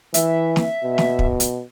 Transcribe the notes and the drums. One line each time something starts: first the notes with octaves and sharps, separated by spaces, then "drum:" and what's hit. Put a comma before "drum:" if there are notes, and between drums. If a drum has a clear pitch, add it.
E3 E5, drum: hi-hat
drum: snare
B2
drum: snare
drum: kick
drum: hi-hat